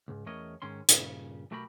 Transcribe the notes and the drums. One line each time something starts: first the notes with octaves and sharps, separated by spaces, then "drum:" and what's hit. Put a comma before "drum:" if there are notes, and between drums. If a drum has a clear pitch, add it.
C#2 G#2
E2 A3 C#4 A#4 C#5 D#5
G#2 D#3 C#4 C6
G2 A#2 C#3, drum: hi-hat
B1 A3 F#4 G4 A#4 B5